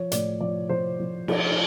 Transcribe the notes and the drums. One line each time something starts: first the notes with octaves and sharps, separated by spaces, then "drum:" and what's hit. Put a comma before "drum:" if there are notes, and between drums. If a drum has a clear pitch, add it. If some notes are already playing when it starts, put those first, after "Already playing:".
Already playing: F3 C#5
A2 D5, drum: hi-hat
F3 D5
F3 C5
F3
F3, drum: cymbal